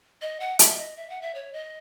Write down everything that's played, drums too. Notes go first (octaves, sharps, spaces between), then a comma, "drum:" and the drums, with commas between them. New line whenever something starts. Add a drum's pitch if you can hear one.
D#5
F#5
E5, drum: hi-hat
D#5
E5
F#5
E5
C#5
D#5